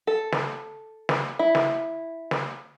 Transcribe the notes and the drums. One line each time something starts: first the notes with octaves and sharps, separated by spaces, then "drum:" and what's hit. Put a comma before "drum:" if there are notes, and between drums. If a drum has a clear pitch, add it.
A4
drum: snare
drum: snare
E4
drum: snare
drum: snare